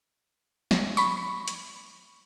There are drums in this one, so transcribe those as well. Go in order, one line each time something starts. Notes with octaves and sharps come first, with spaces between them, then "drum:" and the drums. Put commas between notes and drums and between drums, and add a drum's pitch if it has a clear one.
drum: snare
B5 C#6, drum: tambourine
drum: hi-hat